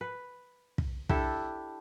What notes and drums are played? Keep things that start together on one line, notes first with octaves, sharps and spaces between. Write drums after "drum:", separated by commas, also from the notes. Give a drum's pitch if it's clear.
B4
drum: kick
D4 E4 G4 A4, drum: kick